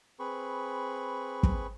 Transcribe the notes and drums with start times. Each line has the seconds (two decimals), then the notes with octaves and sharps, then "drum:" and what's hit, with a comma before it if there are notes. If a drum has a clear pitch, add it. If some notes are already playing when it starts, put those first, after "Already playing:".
0.19 C4 G#4 B4 B5 C#6
1.43 drum: kick